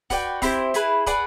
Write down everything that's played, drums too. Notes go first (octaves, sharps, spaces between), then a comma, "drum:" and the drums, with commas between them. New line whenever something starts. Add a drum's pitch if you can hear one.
F#4 B4 D5 G5, drum: kick, open hi-hat
C4 E4 G4 C5, drum: kick, open hi-hat
E4 G#4 B4, drum: hi-hat
G#4 B4 D5 F#5, drum: kick, hi-hat